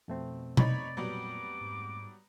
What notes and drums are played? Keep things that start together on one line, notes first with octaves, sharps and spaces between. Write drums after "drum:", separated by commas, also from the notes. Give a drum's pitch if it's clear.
F2 B2 A3 C4
D#4 C#5 D5 B5, drum: tom B2
A#2 F#3 G3 B3 D6
G#2